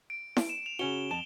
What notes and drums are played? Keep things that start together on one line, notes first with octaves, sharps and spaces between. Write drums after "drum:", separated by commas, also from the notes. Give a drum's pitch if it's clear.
D7
drum: snare E4
E7
F7
C#3 C#4 F#4 G7
F2 A5 E7 F7